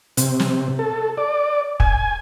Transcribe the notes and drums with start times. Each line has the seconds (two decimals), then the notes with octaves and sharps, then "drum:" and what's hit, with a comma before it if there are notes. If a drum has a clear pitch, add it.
0.17 C3, drum: hi-hat
0.40 drum: snare
0.79 A4
1.17 D5
1.80 G#5, drum: kick